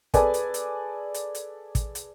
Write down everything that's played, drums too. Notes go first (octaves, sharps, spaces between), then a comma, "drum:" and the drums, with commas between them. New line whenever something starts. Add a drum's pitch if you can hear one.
G#4 A4 B4 D5 G#5, drum: kick, hi-hat
drum: hi-hat
drum: hi-hat
drum: hi-hat
drum: hi-hat
drum: kick, hi-hat
drum: hi-hat